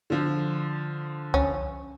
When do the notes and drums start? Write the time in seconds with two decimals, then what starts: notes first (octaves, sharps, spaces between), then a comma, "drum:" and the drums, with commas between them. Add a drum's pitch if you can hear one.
0.10 D3 F3
1.34 C#4, drum: kick C2